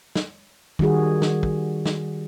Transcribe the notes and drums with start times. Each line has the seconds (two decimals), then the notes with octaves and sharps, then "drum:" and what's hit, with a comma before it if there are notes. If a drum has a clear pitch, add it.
0.15 drum: snare
0.79 D#3 G3 F#4 G#4, drum: kick
1.22 drum: snare
1.43 drum: kick
1.86 drum: snare